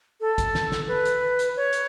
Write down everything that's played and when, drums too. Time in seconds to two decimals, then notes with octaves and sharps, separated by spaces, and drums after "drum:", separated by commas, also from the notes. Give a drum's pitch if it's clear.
0.21 A4
0.38 drum: kick A1, hi-hat
0.55 drum: snare
0.72 drum: snare
0.88 B4
1.05 drum: hi-hat
1.39 drum: hi-hat
1.56 C#5
1.73 drum: hi-hat